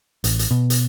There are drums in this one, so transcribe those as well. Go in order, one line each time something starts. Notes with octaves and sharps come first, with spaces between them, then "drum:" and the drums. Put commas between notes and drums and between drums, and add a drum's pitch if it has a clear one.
A1, drum: hi-hat
drum: hi-hat
B2
drum: hi-hat